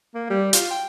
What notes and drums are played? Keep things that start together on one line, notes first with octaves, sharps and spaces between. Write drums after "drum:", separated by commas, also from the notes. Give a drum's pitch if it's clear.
A#3
G3
F4, drum: hi-hat
G5